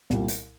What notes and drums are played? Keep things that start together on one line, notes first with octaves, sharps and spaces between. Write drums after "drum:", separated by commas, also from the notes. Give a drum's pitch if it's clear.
C2 A#2 G3, drum: snare
drum: hi-hat